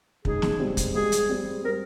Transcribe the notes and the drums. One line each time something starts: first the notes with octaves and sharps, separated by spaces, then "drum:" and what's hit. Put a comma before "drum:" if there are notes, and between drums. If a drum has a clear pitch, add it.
C#3 G#3 D#4 G#4, drum: kick
drum: snare
G#2 G3 C4
drum: kick, hi-hat
G#2 G3 C4 G#4
drum: hi-hat
G#2 G3 C4
G3 C4 A#4